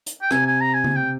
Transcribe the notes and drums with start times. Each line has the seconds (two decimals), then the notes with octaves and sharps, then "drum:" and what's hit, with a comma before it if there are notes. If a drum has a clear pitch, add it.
0.06 drum: hi-hat
0.22 G5
0.31 C3 G#5, drum: rim click
0.46 G#5
0.61 A#5
0.74 G#5
0.84 drum: tom C#3
0.96 G5